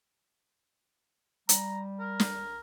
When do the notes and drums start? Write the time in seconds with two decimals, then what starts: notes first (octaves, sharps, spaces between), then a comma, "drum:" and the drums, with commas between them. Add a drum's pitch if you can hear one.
1.49 G3 A#5, drum: hi-hat
2.00 A#4
2.20 drum: snare